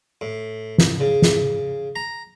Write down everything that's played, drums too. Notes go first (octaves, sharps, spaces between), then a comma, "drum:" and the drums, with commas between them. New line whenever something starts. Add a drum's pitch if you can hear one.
A2
drum: snare
C#3
drum: snare
A#5